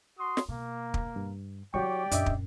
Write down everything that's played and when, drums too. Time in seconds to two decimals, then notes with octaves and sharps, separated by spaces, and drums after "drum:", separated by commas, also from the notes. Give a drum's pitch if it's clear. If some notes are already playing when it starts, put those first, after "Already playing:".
0.18 F#4 C6 D#6
0.37 drum: snare
0.49 B2 A#3
0.94 drum: kick
1.16 G2
1.74 F#3 E4 F#4 G4 C#5 D5 G5 C#6
2.11 F#2 A#2 D4 D#5 E5, drum: hi-hat
2.26 drum: kick